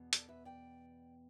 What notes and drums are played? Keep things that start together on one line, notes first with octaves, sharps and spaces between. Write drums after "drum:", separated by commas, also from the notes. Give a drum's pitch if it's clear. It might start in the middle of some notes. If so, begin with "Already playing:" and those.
Already playing: E2 B2 B3
A4 D5, drum: hi-hat
B4 E5
D5 G5